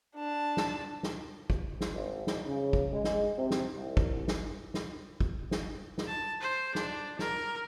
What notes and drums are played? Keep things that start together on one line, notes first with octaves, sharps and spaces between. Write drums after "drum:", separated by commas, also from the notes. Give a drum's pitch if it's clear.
D4 A5
drum: snare
drum: snare
drum: kick
drum: snare
G#1
drum: snare
C#3
drum: kick
G#3
drum: snare
C3
drum: snare
C2
drum: kick
drum: snare
drum: snare
drum: kick
drum: snare
drum: snare
A5
C5
D4, drum: snare
A#4, drum: snare